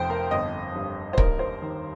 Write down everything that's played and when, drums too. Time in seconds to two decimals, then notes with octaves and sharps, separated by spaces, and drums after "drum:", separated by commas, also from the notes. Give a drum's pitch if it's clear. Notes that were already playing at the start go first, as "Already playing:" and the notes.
Already playing: F1 F2 C5 G5
0.10 A#4
0.31 G1 D#5
0.75 G2
1.13 C5
1.18 D#2 A#4, drum: kick
1.39 C5
1.62 D#3